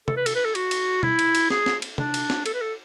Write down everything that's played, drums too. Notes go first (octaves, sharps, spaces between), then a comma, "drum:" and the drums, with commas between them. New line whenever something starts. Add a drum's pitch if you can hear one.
A4, drum: tom C3
B4
A4, drum: cymbal
B4
A4
F#4, drum: cymbal
drum: cymbal
E4, drum: tom
drum: cymbal
drum: cymbal
G#4, drum: snare
drum: snare
drum: cymbal
D4, drum: tom C3
drum: cymbal
drum: snare
A4, drum: cymbal
B4
A4